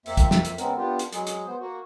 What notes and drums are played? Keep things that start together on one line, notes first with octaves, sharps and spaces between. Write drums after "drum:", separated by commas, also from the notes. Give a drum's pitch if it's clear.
F2 A#3 C4 E5, drum: open hi-hat
drum: kick, hi-hat
drum: snare
drum: hi-hat
C#3 G#3 B3 C4 A#4, drum: hi-hat
B3 D4 F4 G4
drum: hi-hat
F#3 G#3 G#4, drum: hi-hat
drum: hi-hat
B3 C5
A#3 F#4